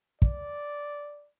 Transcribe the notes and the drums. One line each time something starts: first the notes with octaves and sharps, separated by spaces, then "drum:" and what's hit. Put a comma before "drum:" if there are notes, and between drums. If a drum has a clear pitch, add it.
D5, drum: kick